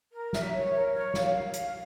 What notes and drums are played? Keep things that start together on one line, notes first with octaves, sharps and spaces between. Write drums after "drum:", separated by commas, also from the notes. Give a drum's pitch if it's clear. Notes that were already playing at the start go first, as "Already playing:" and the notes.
A#4
E5, drum: snare
C#5
A#4
C#5
F5, drum: snare
F5
F5, drum: hi-hat